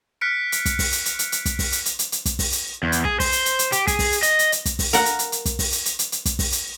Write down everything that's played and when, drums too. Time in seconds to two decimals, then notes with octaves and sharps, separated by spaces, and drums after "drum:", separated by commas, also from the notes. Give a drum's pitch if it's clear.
0.21 F6 F#6 B6 C#7 D7
0.52 drum: hi-hat
0.65 drum: kick, hi-hat
0.79 drum: kick, open hi-hat
0.92 drum: hi-hat
1.05 drum: hi-hat
1.19 drum: hi-hat
1.32 drum: hi-hat
1.45 drum: kick, hi-hat
1.59 drum: kick, open hi-hat
1.72 drum: hi-hat
1.85 drum: hi-hat
1.99 drum: hi-hat
2.12 drum: hi-hat
2.25 drum: kick, hi-hat
2.39 drum: kick, open hi-hat
2.52 drum: hi-hat
2.83 E2
2.92 drum: hi-hat
3.05 G#4, drum: kick
3.20 C5, drum: kick, open hi-hat
3.32 drum: hi-hat
3.45 drum: hi-hat
3.59 drum: hi-hat
3.72 G4, drum: hi-hat
3.87 G#4, drum: kick, hi-hat
3.99 drum: kick, open hi-hat
4.12 drum: hi-hat
4.23 D#5, drum: hi-hat
4.39 drum: hi-hat
4.52 drum: hi-hat
4.65 drum: kick, hi-hat
4.79 drum: kick, open hi-hat
4.93 A#4 F#5, drum: hi-hat
5.05 drum: hi-hat
5.19 drum: hi-hat
5.32 drum: hi-hat
5.45 drum: kick, hi-hat
5.59 drum: kick, open hi-hat
5.72 drum: hi-hat
5.85 drum: hi-hat
5.99 drum: hi-hat
6.12 drum: hi-hat
6.25 drum: kick, hi-hat
6.39 drum: kick, open hi-hat
6.52 drum: hi-hat